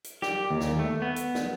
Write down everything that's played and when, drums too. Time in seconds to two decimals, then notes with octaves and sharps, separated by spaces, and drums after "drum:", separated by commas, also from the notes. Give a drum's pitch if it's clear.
0.04 drum: hi-hat
0.22 G4, drum: snare
0.50 D#2
0.60 drum: snare
0.79 A3
1.02 B3
1.16 drum: hi-hat
1.35 drum: snare